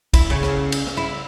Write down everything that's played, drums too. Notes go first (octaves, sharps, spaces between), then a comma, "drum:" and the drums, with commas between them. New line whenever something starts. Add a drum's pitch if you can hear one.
E4, drum: kick, cymbal
C#3
drum: rim click
drum: cymbal
drum: rim click
E4